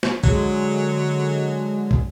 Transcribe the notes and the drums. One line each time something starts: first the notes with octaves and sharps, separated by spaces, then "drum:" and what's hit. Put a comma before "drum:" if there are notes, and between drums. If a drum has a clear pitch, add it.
drum: snare
D3 F#3 G#3, drum: kick
drum: kick